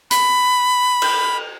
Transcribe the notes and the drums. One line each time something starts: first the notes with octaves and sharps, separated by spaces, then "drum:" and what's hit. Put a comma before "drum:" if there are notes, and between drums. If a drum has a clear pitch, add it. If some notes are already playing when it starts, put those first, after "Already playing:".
B5, drum: hi-hat
drum: cymbal